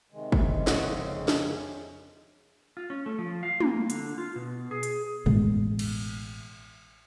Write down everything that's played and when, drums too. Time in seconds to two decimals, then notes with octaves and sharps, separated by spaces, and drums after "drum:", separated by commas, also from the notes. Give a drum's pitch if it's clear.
0.12 C3 D#3 G#3
0.32 drum: kick
0.67 F2 C#3 F#4, drum: snare
1.28 drum: snare
2.77 F4
2.90 C#4
3.06 A3
3.19 F3
3.43 F5
3.60 A#3, drum: tom
3.90 D3, drum: hi-hat
4.18 F4
4.36 B2
4.71 G#4
4.83 drum: hi-hat
5.26 A1 B2 G#3, drum: tom
5.79 drum: cymbal